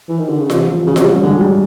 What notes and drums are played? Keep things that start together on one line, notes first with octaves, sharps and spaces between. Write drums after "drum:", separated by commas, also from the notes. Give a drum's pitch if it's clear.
E3
D#3
D3
C#3
C3 E3, drum: snare F4
F3
C#3 F#3
C3, drum: snare F4
C#3 G3
D3 G#3
F#3
G3